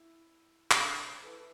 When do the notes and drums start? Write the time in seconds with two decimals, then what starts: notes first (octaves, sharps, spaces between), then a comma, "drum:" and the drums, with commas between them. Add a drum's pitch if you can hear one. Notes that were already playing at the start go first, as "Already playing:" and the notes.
Already playing: E4
0.71 C4, drum: clap
0.79 D4
1.08 C5
1.23 E3 A4